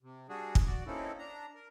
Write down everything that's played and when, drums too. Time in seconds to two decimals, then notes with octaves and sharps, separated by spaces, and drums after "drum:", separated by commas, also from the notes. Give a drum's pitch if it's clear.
0.03 C3
0.29 G3 D4 F#4 G#4
0.55 drum: kick
0.66 F#4 D5
0.87 A#3 C4 C#4 D#4 E4 A4
1.18 D4 A#5
1.54 A#4